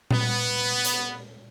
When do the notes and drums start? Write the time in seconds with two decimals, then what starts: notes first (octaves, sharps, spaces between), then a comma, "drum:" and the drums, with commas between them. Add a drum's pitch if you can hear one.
0.11 B3, drum: tom A#2
0.85 drum: hi-hat